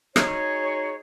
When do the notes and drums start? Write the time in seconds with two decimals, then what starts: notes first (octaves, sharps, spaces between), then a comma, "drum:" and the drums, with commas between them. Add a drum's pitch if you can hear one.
0.16 G#3 D#4 F#4 G#4 C#5, drum: rim click